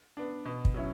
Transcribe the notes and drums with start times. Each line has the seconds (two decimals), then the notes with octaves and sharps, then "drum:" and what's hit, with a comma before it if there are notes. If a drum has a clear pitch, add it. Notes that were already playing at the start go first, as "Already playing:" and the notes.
0.17 B3 D4
0.45 B2
0.65 drum: kick
0.74 F#3 C#4 E4